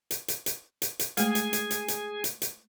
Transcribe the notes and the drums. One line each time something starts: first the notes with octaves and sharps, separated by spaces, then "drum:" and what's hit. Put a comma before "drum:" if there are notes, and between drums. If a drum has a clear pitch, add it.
drum: hi-hat
drum: hi-hat
drum: hi-hat
drum: hi-hat
drum: hi-hat
G#3 A3 G#4 G#5, drum: hi-hat
drum: hi-hat
drum: hi-hat
drum: hi-hat
drum: hi-hat
drum: hi-hat
drum: hi-hat